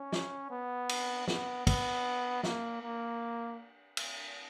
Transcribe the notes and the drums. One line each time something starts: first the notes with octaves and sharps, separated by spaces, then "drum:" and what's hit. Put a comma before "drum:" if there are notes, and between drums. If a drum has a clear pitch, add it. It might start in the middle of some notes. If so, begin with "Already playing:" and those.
Already playing: C#4
drum: snare
B3
drum: cymbal
B3, drum: snare
B3, drum: kick, cymbal
A#3, drum: snare
A#3
drum: cymbal